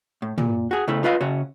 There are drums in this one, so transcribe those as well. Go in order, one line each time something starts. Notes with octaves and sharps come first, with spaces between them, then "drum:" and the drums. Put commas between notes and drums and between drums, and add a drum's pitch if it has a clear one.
A2
A#2, drum: tom
F#4 G#4
C#3 A3 E4
F4 B4 D#5 F5
C#3 F#4 C#5